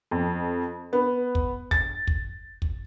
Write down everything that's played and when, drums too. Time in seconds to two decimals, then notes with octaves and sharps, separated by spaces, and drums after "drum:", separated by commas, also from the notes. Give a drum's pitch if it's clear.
0.11 F2
0.93 B3
1.35 drum: kick
1.71 A6, drum: kick
2.07 drum: kick
2.62 drum: kick